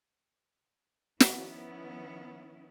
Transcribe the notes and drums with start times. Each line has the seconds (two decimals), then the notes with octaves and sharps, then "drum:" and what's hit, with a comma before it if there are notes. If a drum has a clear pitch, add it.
1.20 D#3 F3 B3 C#4 E4, drum: snare